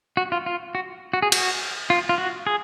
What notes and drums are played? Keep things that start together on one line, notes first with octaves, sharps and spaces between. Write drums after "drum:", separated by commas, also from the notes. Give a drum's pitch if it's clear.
F#4
F4
F4
F#4
F#4
G#4
F#4, drum: cymbal
F4
F4
F#4
G#4